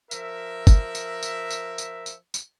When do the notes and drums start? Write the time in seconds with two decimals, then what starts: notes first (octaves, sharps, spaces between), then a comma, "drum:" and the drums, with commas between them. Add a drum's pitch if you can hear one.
0.11 F3 A#4 E5, drum: tambourine
0.67 drum: kick G1, tambourine
0.95 drum: tambourine
1.23 drum: tambourine
1.50 drum: tambourine
1.78 drum: tambourine
2.06 drum: tambourine
2.34 drum: tambourine